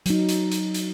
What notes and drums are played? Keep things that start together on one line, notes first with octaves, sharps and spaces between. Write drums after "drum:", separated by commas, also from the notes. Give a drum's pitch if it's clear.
F#3 D#4, drum: hi-hat
drum: hi-hat
drum: hi-hat
drum: hi-hat